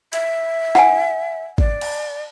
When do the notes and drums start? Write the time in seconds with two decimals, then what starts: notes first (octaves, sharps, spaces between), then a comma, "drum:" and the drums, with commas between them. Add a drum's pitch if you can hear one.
0.13 E5, drum: hi-hat
0.75 F#5 G#5, drum: snare
1.58 D5, drum: kick G#1
1.81 drum: cymbal